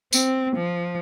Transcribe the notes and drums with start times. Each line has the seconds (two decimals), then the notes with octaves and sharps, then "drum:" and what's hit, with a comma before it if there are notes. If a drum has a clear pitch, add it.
0.13 C4, drum: tambourine
0.56 F3